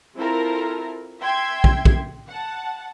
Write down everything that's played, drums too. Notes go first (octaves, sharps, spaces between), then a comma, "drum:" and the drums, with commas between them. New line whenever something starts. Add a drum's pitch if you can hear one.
C4 E4 F4 A4 A#4
E5 G5 C6 G#6
drum: kick
drum: kick
F#5 A5